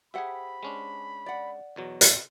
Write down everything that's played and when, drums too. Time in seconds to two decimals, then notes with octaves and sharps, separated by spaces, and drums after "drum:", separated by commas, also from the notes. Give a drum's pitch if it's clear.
0.14 G4 G#4 C5 E5 F#5 B5
0.63 G#3 C#4 D4
1.26 D5 F#5
1.76 E2 B2 F#3
2.01 drum: hi-hat